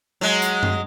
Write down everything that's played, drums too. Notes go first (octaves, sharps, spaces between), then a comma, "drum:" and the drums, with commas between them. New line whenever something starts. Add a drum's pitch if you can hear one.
F#3 G#3
drum: hi-hat
drum: tom F#2